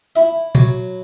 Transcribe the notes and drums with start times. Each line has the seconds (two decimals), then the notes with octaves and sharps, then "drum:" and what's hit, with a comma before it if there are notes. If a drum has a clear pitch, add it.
0.16 E4 E5
0.55 F#3 C#5, drum: tom A#2